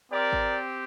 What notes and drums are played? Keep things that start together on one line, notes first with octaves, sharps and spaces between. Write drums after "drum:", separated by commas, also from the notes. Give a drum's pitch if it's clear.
C4 G4 A#4 D5
drum: kick G#1